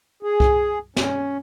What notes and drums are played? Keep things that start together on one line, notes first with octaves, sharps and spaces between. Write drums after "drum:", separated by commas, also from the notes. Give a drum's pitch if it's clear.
G#4
drum: kick C2
C#4, drum: snare